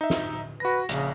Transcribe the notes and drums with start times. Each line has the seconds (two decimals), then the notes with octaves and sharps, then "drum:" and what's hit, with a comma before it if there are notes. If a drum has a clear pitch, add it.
0.01 D#4 E5
0.10 drum: snare
0.60 F#4 B4 A#6
0.89 A#1 C#3, drum: hi-hat